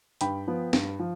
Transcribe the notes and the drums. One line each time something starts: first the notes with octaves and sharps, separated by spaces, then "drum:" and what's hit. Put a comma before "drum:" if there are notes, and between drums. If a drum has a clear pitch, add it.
G2 G5 B5, drum: hi-hat
F3 B3
G2, drum: snare
F3